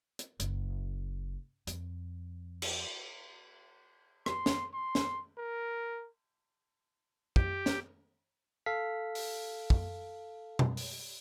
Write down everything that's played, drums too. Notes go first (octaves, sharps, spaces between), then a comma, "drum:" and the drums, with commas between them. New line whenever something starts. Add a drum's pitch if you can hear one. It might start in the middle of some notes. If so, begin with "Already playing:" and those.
drum: hi-hat
F#1, drum: hi-hat
F2, drum: hi-hat
drum: cymbal
C6, drum: rim click
drum: snare
C6
drum: snare
A#4
G4, drum: kick
drum: snare
A4 F5 B6
drum: open hi-hat
drum: kick
drum: tom B2
drum: open hi-hat